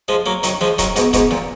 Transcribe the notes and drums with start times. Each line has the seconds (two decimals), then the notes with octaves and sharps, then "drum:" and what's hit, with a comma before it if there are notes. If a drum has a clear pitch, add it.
0.08 F3 G#3
0.26 F#3 A#3
0.43 D#3 F#3, drum: hi-hat
0.61 F3 G#3, drum: snare
0.78 D#3 F#3, drum: kick, hi-hat
0.96 G#2 B2, drum: hi-hat
1.13 G#2 B2, drum: kick, hi-hat
1.31 A#2, drum: snare